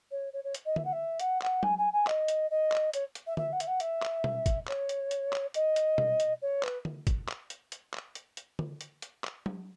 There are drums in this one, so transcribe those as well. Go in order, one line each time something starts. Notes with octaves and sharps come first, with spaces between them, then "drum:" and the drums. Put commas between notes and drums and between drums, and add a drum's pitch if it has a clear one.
C#5
C#5
C#5
drum: hi-hat
D#5
E5, drum: tom D3
F#5
E5
F#5, drum: hi-hat
F#5, drum: clap
G#5, drum: tom F#3
G#5
G#5
D#5, drum: clap
drum: hi-hat
D#5
drum: clap
C#5, drum: hi-hat
drum: hi-hat
E5
E5, drum: tom D3
F#5
E5, drum: hi-hat
F#5
E5, drum: hi-hat
drum: clap
drum: tom B2
drum: kick, hi-hat
C#5, drum: clap
drum: hi-hat
drum: hi-hat
drum: clap
D#5, drum: hi-hat
drum: hi-hat
drum: tom B2
drum: hi-hat
C#5
B4, drum: clap
drum: tom D3
drum: kick, hi-hat
drum: clap
drum: hi-hat
drum: hi-hat
drum: clap
drum: hi-hat
drum: hi-hat
drum: tom D3
drum: hi-hat
drum: hi-hat
drum: clap
drum: tom F#3